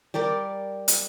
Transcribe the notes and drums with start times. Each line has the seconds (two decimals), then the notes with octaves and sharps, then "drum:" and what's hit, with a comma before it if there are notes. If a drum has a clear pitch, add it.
0.14 G3 G4 A#4 D5
0.88 drum: hi-hat